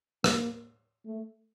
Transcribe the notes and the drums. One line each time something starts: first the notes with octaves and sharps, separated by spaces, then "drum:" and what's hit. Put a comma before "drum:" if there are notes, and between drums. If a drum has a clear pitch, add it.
A#3, drum: rim click
A3